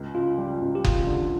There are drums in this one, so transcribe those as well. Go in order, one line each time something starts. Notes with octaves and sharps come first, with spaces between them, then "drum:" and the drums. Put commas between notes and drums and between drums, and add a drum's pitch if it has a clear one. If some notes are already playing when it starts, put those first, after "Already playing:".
Already playing: C#2
C#3 F4
G3
C#2
G4
F3 F4, drum: kick F#1
D3